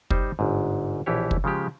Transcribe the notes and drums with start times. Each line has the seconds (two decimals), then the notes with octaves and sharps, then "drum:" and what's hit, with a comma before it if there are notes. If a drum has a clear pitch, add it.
0.10 G3 D#4 C5, drum: kick
0.39 G1 G#2
1.06 A#1 B2 E3 E4 G4 C#5
1.31 drum: kick
1.44 C#3 F3 G#3 G4